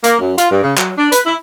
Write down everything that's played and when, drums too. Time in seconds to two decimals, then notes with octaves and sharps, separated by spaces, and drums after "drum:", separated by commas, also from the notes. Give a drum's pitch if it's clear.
0.04 A#3, drum: hi-hat
0.20 F#2
0.38 F4, drum: hi-hat
0.52 G2
0.64 C#3
0.78 F#3, drum: clap
0.98 D4
1.12 B4, drum: hi-hat
1.26 E4